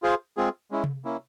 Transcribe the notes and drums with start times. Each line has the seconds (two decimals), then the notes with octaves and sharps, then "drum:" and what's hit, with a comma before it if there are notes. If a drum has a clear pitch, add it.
0.02 F4 G#4 C5 F5
0.37 G#3 C4 F4 G#4
0.71 G#3 C#4 E4
0.84 drum: tom C3
1.05 A#3 C#4 E4